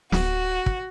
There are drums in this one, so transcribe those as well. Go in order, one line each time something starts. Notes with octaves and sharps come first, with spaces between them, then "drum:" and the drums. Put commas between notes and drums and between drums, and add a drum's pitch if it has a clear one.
D1 F#4, drum: snare
drum: kick